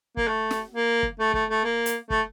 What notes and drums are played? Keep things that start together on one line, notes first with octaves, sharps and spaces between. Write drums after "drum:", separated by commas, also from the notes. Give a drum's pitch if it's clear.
A#3, drum: kick
A3
drum: snare
A#3
drum: kick
A3
A3, drum: kick
A3
A#3
drum: hi-hat
A3, drum: kick